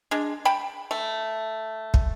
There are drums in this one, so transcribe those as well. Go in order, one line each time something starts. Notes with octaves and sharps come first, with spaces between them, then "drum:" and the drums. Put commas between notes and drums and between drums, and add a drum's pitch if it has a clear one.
G#3 D4
G5 A5 B5
A3
drum: kick